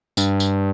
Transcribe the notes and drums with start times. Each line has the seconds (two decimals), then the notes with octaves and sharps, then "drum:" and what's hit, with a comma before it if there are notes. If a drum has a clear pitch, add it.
0.17 G2, drum: tambourine
0.40 drum: tambourine